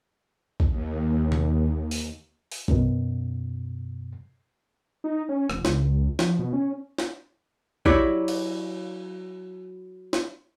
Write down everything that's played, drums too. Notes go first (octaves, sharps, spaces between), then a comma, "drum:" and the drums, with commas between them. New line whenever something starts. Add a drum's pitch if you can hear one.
drum: kick A#1
D#2
drum: tom B2
drum: open hi-hat
drum: open hi-hat
F#2 B2, drum: kick A#1
D#4
C#4
F1, drum: rim click
C#2, drum: snare
F3, drum: snare
B2
C#4
drum: snare
F#3 E4 G4 C#5 D5, drum: kick A#1
drum: cymbal
drum: snare